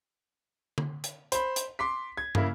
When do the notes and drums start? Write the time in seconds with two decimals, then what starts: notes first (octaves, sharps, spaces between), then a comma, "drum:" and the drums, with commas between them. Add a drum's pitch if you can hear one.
0.78 drum: tom D3
1.04 drum: hi-hat
1.32 C5 B5, drum: hi-hat
1.56 drum: hi-hat
1.79 C6 D6 B6
2.17 G#6
2.35 C#3 A#3 E4, drum: tom